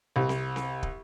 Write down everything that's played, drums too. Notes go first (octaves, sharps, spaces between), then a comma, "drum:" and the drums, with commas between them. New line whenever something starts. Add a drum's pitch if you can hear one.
C2
drum: snare C4
drum: snare C4
drum: kick